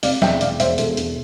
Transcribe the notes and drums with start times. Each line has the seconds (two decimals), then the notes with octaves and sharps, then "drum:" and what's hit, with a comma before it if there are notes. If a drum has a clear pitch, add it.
0.03 C3 D5 F5, drum: open hi-hat
0.22 E1 E5 G5, drum: snare
0.41 E1 D5 F5, drum: hi-hat
0.60 E1 C5 E5, drum: hi-hat
0.78 E1 A4, drum: hi-hat
0.97 E1, drum: hi-hat